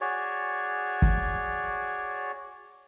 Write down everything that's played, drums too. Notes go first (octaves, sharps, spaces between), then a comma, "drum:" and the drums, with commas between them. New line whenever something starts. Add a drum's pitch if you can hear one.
F#4 G#4 C#5 D5
drum: kick